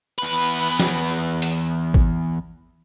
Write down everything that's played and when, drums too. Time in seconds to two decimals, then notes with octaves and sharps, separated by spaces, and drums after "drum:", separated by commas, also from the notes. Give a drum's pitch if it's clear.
0.18 E2 B4
0.80 drum: snare
1.42 drum: open hi-hat
1.94 drum: kick G#1